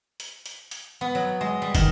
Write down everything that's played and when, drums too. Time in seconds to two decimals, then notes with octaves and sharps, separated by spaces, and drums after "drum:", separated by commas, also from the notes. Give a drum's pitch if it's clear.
0.20 drum: hi-hat
0.46 drum: hi-hat
0.71 drum: hi-hat
1.01 B3
1.15 F#3
1.41 G#3
1.62 G3
1.75 D#3, drum: kick, hi-hat